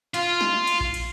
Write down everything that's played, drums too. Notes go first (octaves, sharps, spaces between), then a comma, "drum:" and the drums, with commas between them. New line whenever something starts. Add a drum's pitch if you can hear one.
F4, drum: cymbal
drum: snare
drum: cymbal
drum: kick A#1
drum: cymbal